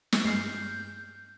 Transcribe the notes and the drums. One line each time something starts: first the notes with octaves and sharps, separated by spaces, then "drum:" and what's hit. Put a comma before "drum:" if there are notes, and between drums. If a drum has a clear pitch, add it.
drum: snare
G2 G#3 F6 G6 C7